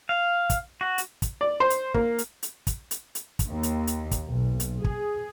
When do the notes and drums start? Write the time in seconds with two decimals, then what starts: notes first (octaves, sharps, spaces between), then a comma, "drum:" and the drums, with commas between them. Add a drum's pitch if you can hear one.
0.09 F5
0.50 drum: kick, hi-hat
0.81 F#4
0.98 drum: hi-hat
1.22 drum: kick, hi-hat
1.41 D5
1.60 C5
1.70 drum: hi-hat
1.94 A#3, drum: kick
2.18 drum: hi-hat
2.43 drum: hi-hat
2.67 drum: kick, hi-hat
2.91 drum: hi-hat
3.15 drum: hi-hat
3.39 drum: kick, hi-hat
3.49 D#2
3.63 drum: hi-hat
3.87 drum: hi-hat
4.11 drum: kick, hi-hat
4.29 B1
4.60 drum: hi-hat
4.84 G#4, drum: kick